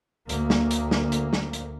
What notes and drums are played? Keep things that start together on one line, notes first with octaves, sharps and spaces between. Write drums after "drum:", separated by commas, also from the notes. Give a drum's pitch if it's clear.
D2 A#3, drum: hi-hat
drum: snare
drum: hi-hat
drum: snare
drum: hi-hat
drum: snare
drum: hi-hat